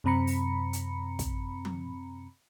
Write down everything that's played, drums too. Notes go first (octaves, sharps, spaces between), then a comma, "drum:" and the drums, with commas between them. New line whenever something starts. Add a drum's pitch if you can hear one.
F#2 C3 C4 A#5 B5 C#7
drum: open hi-hat
drum: hi-hat
drum: kick, hi-hat
drum: tom F3